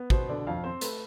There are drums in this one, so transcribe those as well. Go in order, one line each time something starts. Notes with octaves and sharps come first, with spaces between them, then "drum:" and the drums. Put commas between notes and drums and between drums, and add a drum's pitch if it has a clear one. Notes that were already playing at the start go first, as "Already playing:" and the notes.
Already playing: B3
B2 C5, drum: kick
D3 D5
F2 F5
C4 C5
A3 B4, drum: hi-hat